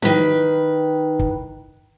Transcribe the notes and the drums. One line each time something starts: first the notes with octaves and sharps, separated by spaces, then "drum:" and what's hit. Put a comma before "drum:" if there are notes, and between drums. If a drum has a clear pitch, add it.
D#3 B4, drum: tom
drum: kick